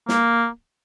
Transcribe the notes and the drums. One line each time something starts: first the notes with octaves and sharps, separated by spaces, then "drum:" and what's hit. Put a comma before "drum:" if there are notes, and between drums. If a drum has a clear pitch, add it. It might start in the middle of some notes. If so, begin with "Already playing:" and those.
A#3, drum: snare